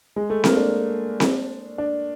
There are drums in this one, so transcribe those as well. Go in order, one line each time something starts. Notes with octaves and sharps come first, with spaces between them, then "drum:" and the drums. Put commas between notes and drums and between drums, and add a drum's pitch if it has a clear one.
G#3
A3
A#3, drum: snare C4
D4
drum: snare C4
D4